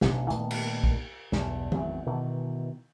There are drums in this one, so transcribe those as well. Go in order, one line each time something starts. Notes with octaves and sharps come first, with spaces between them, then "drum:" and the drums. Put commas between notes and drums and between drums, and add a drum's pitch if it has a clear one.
A1 B2 D4, drum: snare
A#2 D#3 A3 B3, drum: hi-hat
drum: cymbal
drum: kick
B1 E2 G2, drum: snare
G#1 E2 C3 F#3, drum: tom E3
B2 D#3 E3